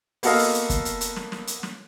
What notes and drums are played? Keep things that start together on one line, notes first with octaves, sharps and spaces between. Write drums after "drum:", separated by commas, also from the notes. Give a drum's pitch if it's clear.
A#3 B3 F#4 A4 D#5 F5, drum: open hi-hat
drum: open hi-hat
drum: hi-hat
drum: kick, hi-hat
drum: hi-hat
drum: hi-hat
drum: snare
drum: snare
drum: hi-hat
drum: snare